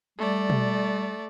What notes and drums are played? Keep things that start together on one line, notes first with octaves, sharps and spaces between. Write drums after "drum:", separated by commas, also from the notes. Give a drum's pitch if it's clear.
G3 A3 D5
drum: tom B2